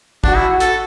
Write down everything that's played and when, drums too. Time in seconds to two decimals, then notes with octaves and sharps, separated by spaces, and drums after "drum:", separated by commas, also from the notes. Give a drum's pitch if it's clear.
0.24 D4 F#4, drum: kick
0.36 E4
0.60 A4, drum: hi-hat